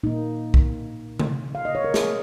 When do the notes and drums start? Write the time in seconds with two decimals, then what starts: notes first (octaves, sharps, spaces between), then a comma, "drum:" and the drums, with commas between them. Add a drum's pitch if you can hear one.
0.03 A#2 A#3 D#4
0.54 drum: kick B1
1.19 drum: tom C#3
1.55 F5
1.65 D#5
1.75 C#5
1.84 A#4
1.94 G#4, drum: snare